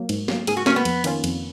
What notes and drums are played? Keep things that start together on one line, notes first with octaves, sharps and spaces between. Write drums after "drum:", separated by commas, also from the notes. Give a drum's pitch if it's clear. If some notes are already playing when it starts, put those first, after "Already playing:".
Already playing: F#3 A#3
G#2, drum: cymbal
F#3 A#3, drum: snare
G#2 G#4, drum: cymbal
F#4
F#3 A#3 C#4, drum: snare
B3
F2, drum: cymbal
D#3 A#3 C#4 F4, drum: cymbal
F2, drum: cymbal